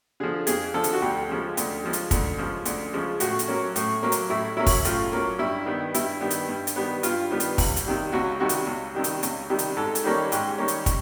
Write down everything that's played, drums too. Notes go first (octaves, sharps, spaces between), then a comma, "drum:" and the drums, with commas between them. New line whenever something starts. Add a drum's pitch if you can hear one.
D3 F3 G#4
F2 G#4, drum: hi-hat
D3 F3 A4
drum: hi-hat
F#4
D2 G4
C#3 F3 G#3
D2, drum: hi-hat
C#3 F3 G#3
drum: hi-hat
D2, drum: kick, hi-hat
C#3 F3 G#3
D2, drum: hi-hat
C#3 F3 G#3
A2 F#4, drum: hi-hat
drum: hi-hat
F#3 A#3 C#4
A2, drum: hi-hat
F#3 A#3 C#4
drum: hi-hat
A2 E4
F#3 A#3 C#4 E4
drum: kick, open hi-hat
A2 F4, drum: hi-hat
F#3 A#3 C#4
G2 E4
D#3 G3 B3
G2 E4, drum: hi-hat
D#3 G3 B3
drum: hi-hat
G2
drum: hi-hat
D#3 G3 B3
G2 F4, drum: hi-hat
D#3 G3 B3
drum: hi-hat
C#2, drum: kick, open hi-hat
drum: hi-hat
C3 D#3 G3
C#2 F#4
C3 D#3 G3 F#4
drum: hi-hat
C#2
C3 D#3 G3
drum: hi-hat
C#2, drum: hi-hat
C3 D#3 G3
drum: hi-hat
G#2 A4
drum: hi-hat
D#3 G3 A#3 C#4
G#2 G4, drum: hi-hat
D#3 G3 A#3 C#4
drum: hi-hat
drum: kick, hi-hat